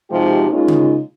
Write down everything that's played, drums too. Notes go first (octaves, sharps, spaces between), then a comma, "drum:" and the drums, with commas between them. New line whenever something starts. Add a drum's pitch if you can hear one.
C3 F3 G#3 D#4 F#4 G4
G#3 A#3 C#4 D#4 F4
drum: tom C#3